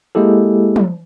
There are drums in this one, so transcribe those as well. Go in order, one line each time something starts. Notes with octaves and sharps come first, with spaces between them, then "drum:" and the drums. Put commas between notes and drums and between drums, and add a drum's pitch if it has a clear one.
G#3 A#3 E4 G4 A4
drum: tom